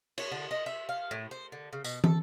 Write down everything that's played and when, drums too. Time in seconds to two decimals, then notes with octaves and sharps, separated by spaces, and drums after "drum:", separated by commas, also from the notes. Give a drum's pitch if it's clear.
0.18 C#5, drum: cymbal
0.31 D3
0.51 D#5
0.66 E5
0.89 F5
1.11 A2
1.31 C5
1.52 D3
1.73 C#3
1.84 B2, drum: tambourine
2.04 A4, drum: tom